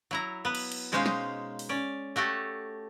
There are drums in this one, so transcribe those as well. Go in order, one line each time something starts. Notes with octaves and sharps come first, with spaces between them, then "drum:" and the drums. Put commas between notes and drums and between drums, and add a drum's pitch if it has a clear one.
F#3 E4 A#5
B3 B4
drum: cymbal
drum: cymbal
B2 G#3 C#4 D#4 C5 F5
drum: snare
drum: open hi-hat
C#4 D5
A3 F#4 G4 A4